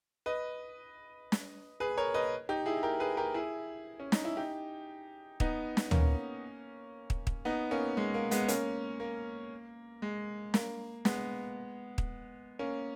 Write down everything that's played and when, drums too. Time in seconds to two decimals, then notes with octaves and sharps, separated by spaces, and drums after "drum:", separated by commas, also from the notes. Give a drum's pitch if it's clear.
0.26 B4 D#5
1.32 drum: snare
1.80 G#4 B4
1.98 A#4 C#5
2.14 B4 D#5
2.49 D#4 G4
2.66 E4 G#4
2.83 G4 A#4
3.00 G#4 B4
3.17 G4 A#4
3.34 E4 G#4
4.00 C#4
4.12 D#4, drum: snare
4.25 E4
4.37 D#4 G4
5.40 B3 D#4, drum: kick
5.77 drum: snare
5.91 A#3 C#4, drum: tom
7.10 drum: kick
7.27 drum: kick
7.45 B3 D#4
7.71 A#3 C#4
7.97 G#3
8.14 A#3
8.31 G#3 B3, drum: hi-hat
8.48 A#3 C#4, drum: hi-hat
9.00 A#3
10.02 G#3
10.54 A#3, drum: snare
11.05 G#3 B3, drum: snare
11.98 drum: kick
12.59 A#3 C#4